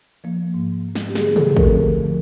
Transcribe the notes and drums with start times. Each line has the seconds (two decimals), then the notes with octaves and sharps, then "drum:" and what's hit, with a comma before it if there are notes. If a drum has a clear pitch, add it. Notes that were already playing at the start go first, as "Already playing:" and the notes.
0.24 F3 A#3
0.54 G#2
0.85 F3 A#3
0.95 drum: snare
1.09 G4
1.15 D3 G#4, drum: snare
1.27 G#4
1.36 A4, drum: tom
1.46 F3 A3 C4
1.57 A#4, drum: kick
1.76 D3
2.06 F3